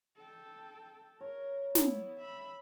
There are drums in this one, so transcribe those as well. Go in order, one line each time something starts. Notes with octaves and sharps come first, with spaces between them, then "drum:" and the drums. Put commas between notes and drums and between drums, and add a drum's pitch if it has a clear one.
A4 G5
A#4 C#5
B3 E4, drum: snare
E5 B5